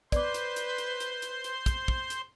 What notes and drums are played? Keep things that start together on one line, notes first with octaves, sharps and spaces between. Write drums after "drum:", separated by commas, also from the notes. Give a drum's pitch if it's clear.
B4 C5 D5 C6 D6, drum: kick, hi-hat
drum: hi-hat
drum: hi-hat
drum: hi-hat
drum: hi-hat
drum: hi-hat
drum: hi-hat
drum: kick, hi-hat
drum: kick
drum: hi-hat